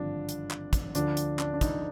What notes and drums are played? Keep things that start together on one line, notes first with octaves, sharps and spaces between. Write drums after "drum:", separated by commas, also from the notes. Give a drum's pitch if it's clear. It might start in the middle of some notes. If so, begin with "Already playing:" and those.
Already playing: G#1 G2 D3 F3 D4
drum: hi-hat
drum: clap
drum: kick, hi-hat
D2 D3 F3 D4, drum: hi-hat
drum: hi-hat
D4, drum: clap
D4
D#4, drum: kick, hi-hat